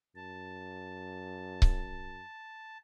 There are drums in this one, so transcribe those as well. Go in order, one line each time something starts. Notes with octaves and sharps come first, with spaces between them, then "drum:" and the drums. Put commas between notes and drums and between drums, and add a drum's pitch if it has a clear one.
F#2 A5
drum: kick C#1